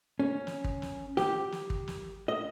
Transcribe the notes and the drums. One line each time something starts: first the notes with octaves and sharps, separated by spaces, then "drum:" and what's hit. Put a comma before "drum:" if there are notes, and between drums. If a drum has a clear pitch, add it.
C#4
drum: snare
drum: kick
drum: snare
G4, drum: snare
drum: snare
drum: kick
drum: snare
D#5